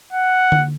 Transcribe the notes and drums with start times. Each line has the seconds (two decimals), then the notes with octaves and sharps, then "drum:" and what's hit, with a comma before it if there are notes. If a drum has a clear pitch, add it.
0.12 F#5
0.52 drum: tom D3